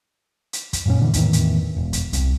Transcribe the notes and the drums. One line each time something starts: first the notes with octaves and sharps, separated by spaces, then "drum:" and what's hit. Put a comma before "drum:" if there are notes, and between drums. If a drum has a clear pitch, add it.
drum: hi-hat
drum: kick, hi-hat
F#2 A#2 C#4
A#2 D3 E3
E2 A2 D#3 E3, drum: kick, hi-hat
drum: hi-hat
E1
drum: kick, hi-hat
C2, drum: hi-hat